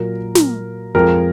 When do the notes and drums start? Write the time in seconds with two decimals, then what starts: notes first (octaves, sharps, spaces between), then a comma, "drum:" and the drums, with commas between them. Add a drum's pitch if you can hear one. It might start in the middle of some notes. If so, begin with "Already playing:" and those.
Already playing: A#2 F#3 A#4
0.35 drum: snare
0.95 F2 F3 G#3 A#4